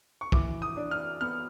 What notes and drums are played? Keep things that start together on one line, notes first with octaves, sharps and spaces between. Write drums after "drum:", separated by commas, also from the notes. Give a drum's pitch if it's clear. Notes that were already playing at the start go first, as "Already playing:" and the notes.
C#6
E3 D6, drum: kick
D#6
D4
F6
B3 F6